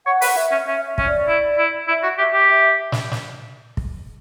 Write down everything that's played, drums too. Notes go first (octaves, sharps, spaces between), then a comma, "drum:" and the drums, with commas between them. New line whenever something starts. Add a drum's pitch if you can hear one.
C#5 F#5
B4, drum: open hi-hat
F#5
E5
C#4
C#4 E5
E5
C#4, drum: kick
D5
E4
E4
E4 E5
F#4
G4 E5
G4
E5
drum: snare
drum: snare
drum: kick